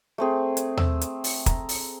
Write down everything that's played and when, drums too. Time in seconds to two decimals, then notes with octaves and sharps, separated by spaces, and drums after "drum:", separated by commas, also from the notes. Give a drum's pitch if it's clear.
0.18 A3 C4 G#4
0.57 drum: hi-hat
0.77 E6, drum: tom D#2
1.01 drum: hi-hat
1.24 drum: open hi-hat
1.46 A#5, drum: kick, hi-hat
1.69 drum: open hi-hat